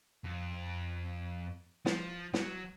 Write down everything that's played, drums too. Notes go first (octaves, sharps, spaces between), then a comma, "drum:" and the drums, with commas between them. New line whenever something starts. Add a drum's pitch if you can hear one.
F2
F3, drum: snare
F#3, drum: snare